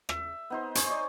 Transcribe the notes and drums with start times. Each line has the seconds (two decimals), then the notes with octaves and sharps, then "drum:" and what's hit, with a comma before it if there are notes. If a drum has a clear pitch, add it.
0.09 E5, drum: rim click
0.50 B3 D#4 C5
0.75 C5 D#5 G#5 C#6, drum: hi-hat
0.90 C#5 D5